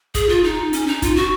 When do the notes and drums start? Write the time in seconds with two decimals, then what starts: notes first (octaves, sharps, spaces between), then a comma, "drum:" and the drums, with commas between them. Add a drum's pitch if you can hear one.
0.15 G#4, drum: kick, hi-hat
0.29 F4
0.44 D#4
0.73 C#4, drum: hi-hat
0.87 D#4
1.02 F4, drum: kick, hi-hat
1.16 F#4